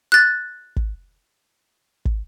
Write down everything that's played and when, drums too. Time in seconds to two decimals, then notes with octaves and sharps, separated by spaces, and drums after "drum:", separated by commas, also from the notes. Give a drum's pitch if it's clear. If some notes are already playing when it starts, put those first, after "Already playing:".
0.12 F#6 A6
0.76 drum: kick
2.05 drum: kick